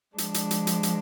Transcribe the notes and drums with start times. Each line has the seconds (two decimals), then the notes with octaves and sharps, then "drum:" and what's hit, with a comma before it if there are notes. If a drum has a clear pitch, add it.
0.18 F3 G#3 D4, drum: hi-hat
0.34 drum: hi-hat
0.51 drum: hi-hat
0.67 drum: hi-hat
0.83 drum: hi-hat